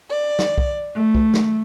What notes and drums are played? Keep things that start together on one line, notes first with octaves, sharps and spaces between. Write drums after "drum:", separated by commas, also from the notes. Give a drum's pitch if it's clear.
D5
drum: snare
drum: kick
A3
drum: kick
drum: snare